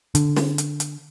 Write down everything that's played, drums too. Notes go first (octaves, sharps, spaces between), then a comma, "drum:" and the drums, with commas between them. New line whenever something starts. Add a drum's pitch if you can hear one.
D3, drum: hi-hat
drum: snare
drum: hi-hat
drum: hi-hat